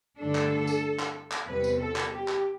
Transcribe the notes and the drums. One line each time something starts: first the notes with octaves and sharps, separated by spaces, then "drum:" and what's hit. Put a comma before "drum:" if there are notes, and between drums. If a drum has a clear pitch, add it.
G2 D3 A3 D4 A4
drum: clap
drum: tambourine
drum: clap
drum: clap
E2 C3 G3 B4
drum: tambourine
A4
drum: clap
G4
drum: clap